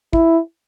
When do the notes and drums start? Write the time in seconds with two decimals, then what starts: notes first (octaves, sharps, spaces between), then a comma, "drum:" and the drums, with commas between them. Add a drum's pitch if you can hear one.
0.13 E4, drum: kick